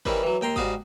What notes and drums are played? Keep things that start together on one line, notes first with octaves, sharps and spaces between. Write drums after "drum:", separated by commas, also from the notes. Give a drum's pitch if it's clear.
D#3 E3 G3 C4 C#4 B4, drum: kick G1
E3 F#3
D#2 G5 A#5 C6
G#2 G3 F#4 F5 D#6, drum: kick G1